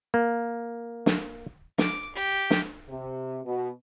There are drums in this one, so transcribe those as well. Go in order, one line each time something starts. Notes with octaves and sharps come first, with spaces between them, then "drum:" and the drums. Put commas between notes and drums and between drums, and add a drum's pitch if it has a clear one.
A#3
drum: snare
D6, drum: snare
G4
drum: snare
C3
B2